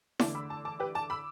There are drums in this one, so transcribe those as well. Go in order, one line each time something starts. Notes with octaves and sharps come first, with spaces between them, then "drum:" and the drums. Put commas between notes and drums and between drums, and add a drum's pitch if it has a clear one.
E2 D3 A3 D4 A5 D6, drum: snare E4
B5 E6
A5 D6
A5 D6
G4 B4
A5 D6
B5 E6